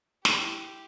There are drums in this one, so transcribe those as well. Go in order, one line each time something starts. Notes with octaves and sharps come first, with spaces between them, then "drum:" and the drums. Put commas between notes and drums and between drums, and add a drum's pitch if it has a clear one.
D4 G4, drum: snare
E4